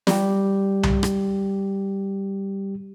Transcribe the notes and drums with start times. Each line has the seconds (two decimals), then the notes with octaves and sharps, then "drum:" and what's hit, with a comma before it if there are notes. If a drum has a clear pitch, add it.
0.07 G3 G4, drum: snare
0.83 drum: tom C2
1.03 drum: rim click